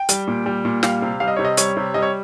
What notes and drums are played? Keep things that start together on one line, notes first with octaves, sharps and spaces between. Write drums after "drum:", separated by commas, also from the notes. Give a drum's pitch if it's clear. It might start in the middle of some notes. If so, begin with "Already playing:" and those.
Already playing: G5
G3, drum: hi-hat
A#2
G3
A#2
G3 F5, drum: snare
C3
G3 F5
D#5
C3 C#5
D#5
G3 C#5, drum: hi-hat
C3
G3 D#5
C#5